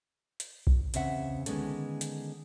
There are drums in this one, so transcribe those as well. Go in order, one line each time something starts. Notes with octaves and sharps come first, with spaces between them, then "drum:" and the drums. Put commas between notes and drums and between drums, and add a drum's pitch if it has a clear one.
drum: hi-hat
drum: kick B1
E2 C#3 C4 E5 F#5, drum: hi-hat
D3 D#3 G#3 B3 C#4 A4, drum: hi-hat
drum: hi-hat